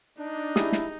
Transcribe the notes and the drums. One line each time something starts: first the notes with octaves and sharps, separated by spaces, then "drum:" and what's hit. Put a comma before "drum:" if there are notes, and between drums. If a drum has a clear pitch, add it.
D4 D#4
E4 G4 G#4 D#6, drum: snare
drum: snare